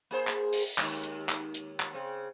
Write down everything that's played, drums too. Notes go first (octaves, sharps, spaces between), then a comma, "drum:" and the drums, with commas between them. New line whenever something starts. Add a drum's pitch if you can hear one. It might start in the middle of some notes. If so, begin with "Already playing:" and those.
A#3 G#4 C5
drum: clap
drum: open hi-hat
D#2 G#3, drum: clap
drum: hi-hat
drum: clap
drum: hi-hat
drum: clap
C#3 C4